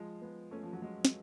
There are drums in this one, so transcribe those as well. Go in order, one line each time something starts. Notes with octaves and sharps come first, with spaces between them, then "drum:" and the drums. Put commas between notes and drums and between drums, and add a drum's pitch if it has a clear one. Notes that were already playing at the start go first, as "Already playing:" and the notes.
Already playing: F3 G#3
G#3 B3
A3 C#4
F3
F#3
F3 G#3
drum: snare